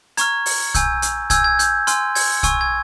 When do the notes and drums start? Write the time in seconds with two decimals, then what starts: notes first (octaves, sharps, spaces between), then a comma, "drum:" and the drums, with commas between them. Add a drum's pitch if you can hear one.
0.17 A#5 C#6 F6 G#6, drum: hi-hat
0.46 drum: open hi-hat
0.75 G#5 E6 G6, drum: kick B1, hi-hat
1.02 drum: hi-hat
1.30 G#5 E6 G6 G#6, drum: kick B1, hi-hat
1.44 G#6
1.59 G6, drum: hi-hat
1.87 G#5 C6 F6, drum: hi-hat
2.15 G#6, drum: open hi-hat
2.43 G#5 C#6 E6, drum: kick B1, hi-hat
2.61 G#6